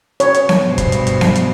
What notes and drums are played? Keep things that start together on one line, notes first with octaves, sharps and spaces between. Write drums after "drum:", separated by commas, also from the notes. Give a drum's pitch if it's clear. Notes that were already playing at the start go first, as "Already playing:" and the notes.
C#5, drum: hi-hat
drum: hi-hat
drum: snare B3
G2 B2 C5
drum: kick, hi-hat
drum: hi-hat
drum: hi-hat
drum: snare B3
drum: hi-hat